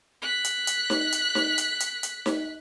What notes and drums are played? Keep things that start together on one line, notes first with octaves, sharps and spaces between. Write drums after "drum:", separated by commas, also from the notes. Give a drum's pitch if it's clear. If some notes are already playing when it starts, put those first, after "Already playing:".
F#6 B6
drum: hi-hat
drum: hi-hat
drum: snare D#4
drum: hi-hat
drum: snare D#4
drum: hi-hat
drum: hi-hat
drum: hi-hat
drum: snare D#4